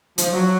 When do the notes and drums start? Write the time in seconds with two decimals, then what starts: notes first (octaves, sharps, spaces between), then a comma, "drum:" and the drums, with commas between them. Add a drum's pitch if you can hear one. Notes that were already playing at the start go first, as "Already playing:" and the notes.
0.18 F3, drum: hi-hat
0.33 F#3